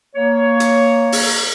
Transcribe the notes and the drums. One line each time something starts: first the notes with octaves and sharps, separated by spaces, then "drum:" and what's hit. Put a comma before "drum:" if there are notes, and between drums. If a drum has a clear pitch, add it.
A#3 C#5
drum: hi-hat
drum: open hi-hat